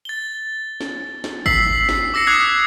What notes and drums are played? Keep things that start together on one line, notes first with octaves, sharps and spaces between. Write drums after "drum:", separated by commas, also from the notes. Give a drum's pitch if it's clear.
A6 G7
drum: snare
drum: snare
E6 B6 C7 F#7, drum: kick
C7, drum: snare
D6 E6 A#6 C7 C#7
D6 D#6 F#6 G#6 C7